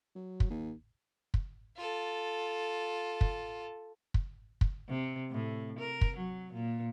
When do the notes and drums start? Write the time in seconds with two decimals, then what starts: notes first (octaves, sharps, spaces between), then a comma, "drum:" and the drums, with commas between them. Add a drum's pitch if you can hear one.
0.15 F#3
0.40 drum: kick
0.50 D#2
1.34 drum: kick
1.77 F4 A4
3.21 drum: kick
4.14 drum: kick
4.61 drum: kick
4.88 C3
5.31 A2
5.79 A#4
6.01 drum: kick
6.17 F#3
6.53 A#2